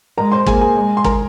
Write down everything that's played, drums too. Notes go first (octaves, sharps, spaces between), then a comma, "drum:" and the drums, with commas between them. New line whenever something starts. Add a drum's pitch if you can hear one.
G#3 A#4 A#5
C5 C6
A#3 G#4 G#5, drum: kick
G#4 G#5
G#3
C6
A#4 A#5, drum: kick